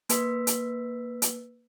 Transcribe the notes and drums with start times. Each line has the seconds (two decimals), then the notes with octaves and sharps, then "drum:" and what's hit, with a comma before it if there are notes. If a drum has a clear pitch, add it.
0.09 A#3 B4 E6 B6, drum: hi-hat
0.47 drum: hi-hat
1.22 drum: hi-hat